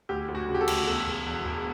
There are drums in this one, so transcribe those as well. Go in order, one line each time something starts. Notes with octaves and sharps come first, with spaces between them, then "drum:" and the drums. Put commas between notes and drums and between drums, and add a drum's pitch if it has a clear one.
D2 G4
D2
F#4
C#3
G4
A4
D2, drum: cymbal
E2 A4
E1
E2
E1